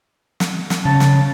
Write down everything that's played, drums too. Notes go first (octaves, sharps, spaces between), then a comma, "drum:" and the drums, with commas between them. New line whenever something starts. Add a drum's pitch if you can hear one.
drum: snare
drum: snare
C#3 A5
drum: snare